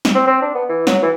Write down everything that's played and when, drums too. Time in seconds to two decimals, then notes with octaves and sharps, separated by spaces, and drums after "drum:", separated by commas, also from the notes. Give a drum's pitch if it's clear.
0.05 drum: snare
0.15 C4
0.27 C4
0.42 D4
0.54 B3
0.69 E3
0.87 F#3, drum: snare
1.02 E3